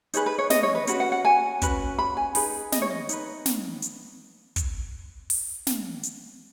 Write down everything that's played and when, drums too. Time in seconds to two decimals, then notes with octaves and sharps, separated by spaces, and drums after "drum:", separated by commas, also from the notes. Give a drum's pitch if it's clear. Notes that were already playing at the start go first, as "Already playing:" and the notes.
0.14 D#4 G#4 B4 C#5, drum: hi-hat
0.26 B4
0.38 C#5
0.50 D#5, drum: snare
0.63 C#5
0.75 B4
0.87 C#4 F#4 B4 C#5, drum: hi-hat
1.00 F#5
1.12 F#5
1.25 G#5
1.62 C#4 F#4 B4, drum: kick, hi-hat
1.98 B5
2.17 G#5
2.35 D#4 G#4 B4, drum: open hi-hat
2.72 D#5, drum: snare
2.82 C#5
2.90 D#5
3.09 D#4 B4, drum: hi-hat
3.46 drum: snare
3.82 drum: hi-hat
4.56 drum: kick, hi-hat
5.30 drum: open hi-hat
5.67 drum: snare
6.04 drum: hi-hat